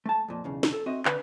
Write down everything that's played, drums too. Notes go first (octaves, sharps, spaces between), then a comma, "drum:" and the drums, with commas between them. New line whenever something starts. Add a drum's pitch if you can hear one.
A3 A5
F2 A#2
B1 E2 C#3
drum: snare
A4
C4 F#4 D#5 E5
D2 D3 B4, drum: clap